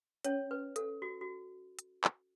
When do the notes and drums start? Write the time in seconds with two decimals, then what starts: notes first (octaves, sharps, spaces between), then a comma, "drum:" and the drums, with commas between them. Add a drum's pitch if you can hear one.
0.25 C#4 C#5, drum: hi-hat
0.51 B4
0.76 A4, drum: hi-hat
1.02 F#4
1.21 F#4
1.79 drum: hi-hat
2.04 drum: clap